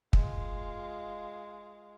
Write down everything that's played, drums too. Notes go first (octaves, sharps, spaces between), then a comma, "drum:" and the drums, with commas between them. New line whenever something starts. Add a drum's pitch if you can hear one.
G#3 F4, drum: kick